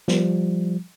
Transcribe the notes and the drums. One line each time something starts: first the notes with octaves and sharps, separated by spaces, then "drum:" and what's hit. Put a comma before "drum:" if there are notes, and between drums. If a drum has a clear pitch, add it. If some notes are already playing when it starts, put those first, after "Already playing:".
F3 G3, drum: snare